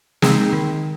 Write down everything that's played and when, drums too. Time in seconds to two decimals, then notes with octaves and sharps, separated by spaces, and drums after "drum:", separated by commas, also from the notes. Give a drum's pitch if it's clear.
0.22 G#3 C4 D#4 G#4, drum: snare
0.53 D#3